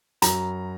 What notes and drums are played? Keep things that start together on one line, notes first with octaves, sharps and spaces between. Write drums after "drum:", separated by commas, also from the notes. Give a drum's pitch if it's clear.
F#2 A#5, drum: hi-hat